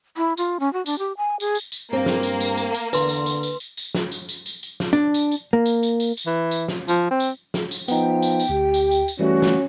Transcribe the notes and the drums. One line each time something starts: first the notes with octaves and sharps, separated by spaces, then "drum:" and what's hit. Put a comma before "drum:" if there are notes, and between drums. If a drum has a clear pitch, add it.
E4
F4, drum: tambourine
C#4
F#4
D4, drum: tambourine
G4
G#5
G#4, drum: tambourine
drum: tambourine
drum: tambourine
G2 A#3 C4
drum: snare
drum: tambourine
drum: tambourine
drum: tambourine
drum: tambourine
E2 D3 B4 C6, drum: tambourine
drum: tambourine
drum: tambourine
drum: tambourine
drum: tambourine
drum: tambourine
drum: snare
drum: tambourine
drum: tambourine
drum: tambourine
drum: tambourine
drum: snare
D4
drum: tambourine
drum: tambourine
A#3
drum: tambourine
drum: tambourine
drum: tambourine
drum: tambourine
E3
drum: tambourine
drum: snare
F3, drum: tambourine
C4
drum: tambourine
drum: snare
drum: tambourine
F3 B3 D#4 G5, drum: tambourine
drum: tambourine
drum: tambourine
D2 G4
drum: tambourine
drum: tambourine
drum: tambourine
E3 G3 A3 C#4 F#4
drum: snare